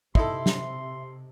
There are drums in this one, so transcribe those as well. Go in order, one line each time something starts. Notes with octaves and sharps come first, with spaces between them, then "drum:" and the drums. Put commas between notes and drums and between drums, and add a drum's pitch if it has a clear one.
C3 D#4 E4 A4 E5 C6, drum: kick
drum: snare